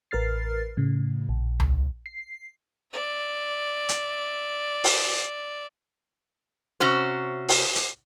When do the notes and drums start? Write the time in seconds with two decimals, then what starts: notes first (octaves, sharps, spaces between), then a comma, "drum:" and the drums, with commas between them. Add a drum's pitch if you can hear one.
0.11 A1 A#4 B4 F6 A6 C7
0.77 A2 C#3
1.29 A#1
1.60 drum: tom C#2
2.06 C7
2.92 D5 E5
3.89 drum: hi-hat
4.84 drum: open hi-hat
6.80 C3 C#4 F#4 C5
7.49 drum: open hi-hat
7.75 drum: hi-hat